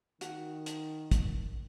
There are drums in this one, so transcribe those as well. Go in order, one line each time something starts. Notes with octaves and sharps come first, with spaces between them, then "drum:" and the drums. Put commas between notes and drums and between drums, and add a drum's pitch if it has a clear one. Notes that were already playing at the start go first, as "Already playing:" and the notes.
D#3 F#4, drum: hi-hat
drum: hi-hat
drum: kick, hi-hat